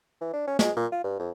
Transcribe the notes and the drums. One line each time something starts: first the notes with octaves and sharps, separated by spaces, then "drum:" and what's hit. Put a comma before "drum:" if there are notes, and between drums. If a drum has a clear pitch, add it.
E3
D4
C#4
G#3, drum: snare
A#2
F4
G2
F2